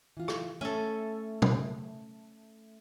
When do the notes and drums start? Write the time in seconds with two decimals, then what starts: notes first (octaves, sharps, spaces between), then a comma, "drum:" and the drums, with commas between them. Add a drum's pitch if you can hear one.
0.17 E3 F4
0.28 drum: rim click
0.61 A3 C#4 A4 E5
1.42 drum: tom